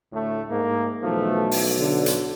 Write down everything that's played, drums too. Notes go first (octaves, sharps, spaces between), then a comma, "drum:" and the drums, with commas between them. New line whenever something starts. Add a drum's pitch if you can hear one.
D2 A2 A3
G#2 A#3
B1 E3 F3 A3
drum: open hi-hat
D3
drum: hi-hat